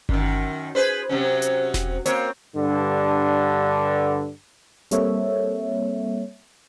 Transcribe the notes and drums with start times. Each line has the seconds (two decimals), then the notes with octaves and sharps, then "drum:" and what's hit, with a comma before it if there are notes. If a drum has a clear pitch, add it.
0.09 F#2 D#3, drum: kick G1
0.75 G#4 B4 C5
1.09 C3 F#3 C#4
1.42 drum: hi-hat
1.74 drum: snare E1
2.06 A#3 C4 C#5, drum: hi-hat
2.56 G2 D3
4.91 G3 A#3 C4 A4 C#5 E5, drum: hi-hat